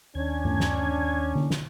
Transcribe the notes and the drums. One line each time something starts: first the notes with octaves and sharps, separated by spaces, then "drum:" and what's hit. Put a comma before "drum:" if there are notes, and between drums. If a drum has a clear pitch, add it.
D#2 C#4 D4 G#6
drum: tom G2
drum: snare
drum: tom D3
drum: snare